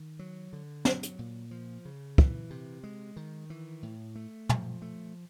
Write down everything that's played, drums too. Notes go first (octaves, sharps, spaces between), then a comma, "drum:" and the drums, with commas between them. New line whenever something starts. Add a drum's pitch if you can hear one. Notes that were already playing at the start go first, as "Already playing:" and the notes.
Already playing: D#3
F#3
D3
F#3, drum: snare
drum: hi-hat
A#2
F3
C#3
E3, drum: kick
C3
G#3
D#3
E3
A2
A3
F3, drum: tom
A3